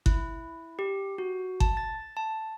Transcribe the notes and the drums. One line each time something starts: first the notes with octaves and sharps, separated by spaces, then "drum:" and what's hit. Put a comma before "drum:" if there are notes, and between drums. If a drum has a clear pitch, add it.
E4, drum: kick G1
G4
F#4
A5, drum: kick G1
A6
A5